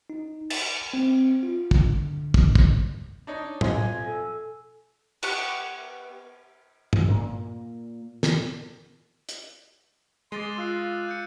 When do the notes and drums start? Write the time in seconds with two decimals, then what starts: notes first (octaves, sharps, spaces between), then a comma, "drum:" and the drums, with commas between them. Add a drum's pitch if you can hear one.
0.10 D#4
0.50 A6, drum: cymbal
0.94 C4
1.43 F4
1.71 D3, drum: kick
2.34 drum: kick
2.55 drum: kick
3.27 D4 D#4 C#5
3.61 B1 F2 D#5 G#5 C6, drum: tom
4.07 A4
5.23 B3 G4 C#6 F#6, drum: cymbal
6.93 drum: tom
7.09 A#2 A#3
8.23 drum: snare
9.29 drum: hi-hat
10.32 G#3 C6 D6 A6 D#7
10.58 F4 E6 F#6 C7
10.83 D#7
11.08 G6 C#7